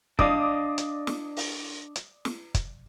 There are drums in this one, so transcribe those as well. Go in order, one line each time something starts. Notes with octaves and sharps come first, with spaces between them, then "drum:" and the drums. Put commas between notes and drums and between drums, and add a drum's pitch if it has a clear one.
D4 D5 D#5 F5 D6 D#6, drum: kick
drum: hi-hat
drum: snare
drum: open hi-hat
drum: hi-hat
drum: snare
drum: kick, hi-hat